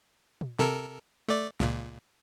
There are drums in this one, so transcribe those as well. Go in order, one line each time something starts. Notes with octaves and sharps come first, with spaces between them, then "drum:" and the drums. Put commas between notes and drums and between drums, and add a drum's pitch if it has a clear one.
drum: tom
C3 A4 A#4, drum: snare
A3 D5
C#2 A#2, drum: snare